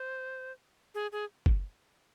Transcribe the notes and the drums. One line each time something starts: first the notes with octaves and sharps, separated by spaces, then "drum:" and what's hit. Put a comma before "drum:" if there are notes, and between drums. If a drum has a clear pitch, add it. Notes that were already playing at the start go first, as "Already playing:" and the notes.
Already playing: C5
G#4
G#4
drum: kick F#1